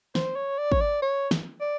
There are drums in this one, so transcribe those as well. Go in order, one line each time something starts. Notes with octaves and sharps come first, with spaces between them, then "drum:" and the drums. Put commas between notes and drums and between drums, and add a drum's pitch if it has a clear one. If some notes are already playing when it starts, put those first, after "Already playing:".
C5, drum: snare
C#5
D5
C#5, drum: kick
D5
C#5
drum: snare
D5